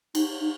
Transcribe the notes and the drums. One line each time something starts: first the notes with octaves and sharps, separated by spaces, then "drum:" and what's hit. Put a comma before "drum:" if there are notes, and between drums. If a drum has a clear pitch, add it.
D#4, drum: cymbal
D#4